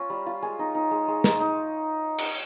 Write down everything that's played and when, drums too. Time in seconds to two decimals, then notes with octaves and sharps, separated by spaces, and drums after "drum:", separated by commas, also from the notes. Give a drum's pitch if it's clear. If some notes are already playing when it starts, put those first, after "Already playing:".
Already playing: C#4 F4 A#5
0.10 G3
0.26 F4
0.42 G#3 G#5
0.59 D#4
0.75 D#4
0.91 G#3
1.08 G#3
1.24 D#4, drum: snare
1.40 D#4
2.18 drum: cymbal